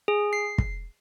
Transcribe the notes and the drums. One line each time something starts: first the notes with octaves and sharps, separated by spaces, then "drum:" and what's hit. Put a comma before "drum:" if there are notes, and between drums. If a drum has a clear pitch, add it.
G#4
C7
drum: kick